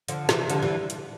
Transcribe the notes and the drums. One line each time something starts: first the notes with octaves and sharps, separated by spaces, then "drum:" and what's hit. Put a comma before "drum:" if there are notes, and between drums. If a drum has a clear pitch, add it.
D3 F3, drum: hi-hat
C3 E3, drum: snare
D3 F3, drum: hi-hat
E3 G3
drum: hi-hat